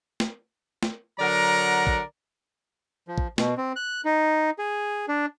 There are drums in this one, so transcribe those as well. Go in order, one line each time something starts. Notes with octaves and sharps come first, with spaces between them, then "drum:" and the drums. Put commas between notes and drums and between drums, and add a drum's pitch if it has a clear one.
drum: snare
drum: snare
D3 F#3 A#4 D5 F#5 A#5
drum: kick
F3
drum: kick
B2, drum: snare
C4
F#6
D#4
G#4
D4